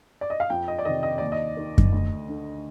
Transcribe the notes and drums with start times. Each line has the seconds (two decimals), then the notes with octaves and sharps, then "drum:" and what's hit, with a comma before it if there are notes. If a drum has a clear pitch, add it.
0.21 D5
0.30 D#5
0.40 F5
0.50 F2 G5
0.68 D#5
0.79 D5
0.85 C3 D#3 D#5
1.03 D#5
1.18 D#2 D5
1.32 D#5
1.57 D#3
1.78 drum: kick F#2
1.92 D2
2.29 D3